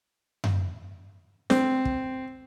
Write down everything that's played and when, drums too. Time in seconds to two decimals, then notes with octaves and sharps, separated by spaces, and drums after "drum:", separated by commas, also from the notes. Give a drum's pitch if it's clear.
0.44 drum: tom F#2
1.50 C4, drum: snare
1.85 drum: kick